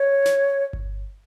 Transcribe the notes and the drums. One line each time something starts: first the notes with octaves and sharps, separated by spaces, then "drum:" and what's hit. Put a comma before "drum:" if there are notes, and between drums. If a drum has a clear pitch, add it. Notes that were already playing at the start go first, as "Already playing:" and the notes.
Already playing: C#5
drum: snare
drum: kick G1